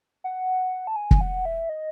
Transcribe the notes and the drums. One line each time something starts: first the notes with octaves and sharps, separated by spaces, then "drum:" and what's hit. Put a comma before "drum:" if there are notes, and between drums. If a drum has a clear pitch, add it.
F#5
A5
G#5
drum: kick
F#5
E5
D#5